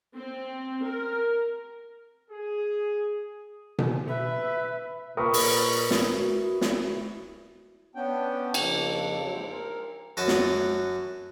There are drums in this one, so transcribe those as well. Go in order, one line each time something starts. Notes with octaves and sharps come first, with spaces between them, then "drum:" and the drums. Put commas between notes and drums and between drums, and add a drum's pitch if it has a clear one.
C4
A#4
G#4
drum: tom B2
B4 E5
A#2 A#4 B4 B5 C#6 D#6
drum: open hi-hat
drum: snare
E4 F#4
drum: snare
B3 C#4 D4 G5
F2 C#3 A#3 D4, drum: cymbal
F#3
A#2 G#3 E4 C5
A#4
F#2 F#4 D#5 A5
drum: snare